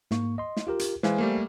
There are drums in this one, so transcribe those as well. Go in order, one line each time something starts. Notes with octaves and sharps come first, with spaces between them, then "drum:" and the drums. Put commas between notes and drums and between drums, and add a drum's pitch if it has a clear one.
G#2 A#3 C#6, drum: snare
D#5 C6
drum: snare
F4 G4 A#4
drum: hi-hat
E3 G#3 C5 F5 G#5, drum: snare
G3 A3 A#3